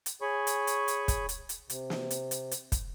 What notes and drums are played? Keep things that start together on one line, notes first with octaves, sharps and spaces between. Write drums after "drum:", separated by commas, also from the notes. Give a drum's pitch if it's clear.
drum: hi-hat
G#4 C#5 G#5 B5 C#6
drum: hi-hat
drum: hi-hat
drum: hi-hat
drum: kick, hi-hat
drum: hi-hat
drum: hi-hat
C3, drum: hi-hat
drum: snare
drum: hi-hat
drum: hi-hat
drum: hi-hat
drum: kick, hi-hat